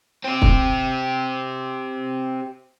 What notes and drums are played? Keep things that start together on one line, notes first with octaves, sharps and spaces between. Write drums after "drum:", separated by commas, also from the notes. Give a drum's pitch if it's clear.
C4 G4
drum: kick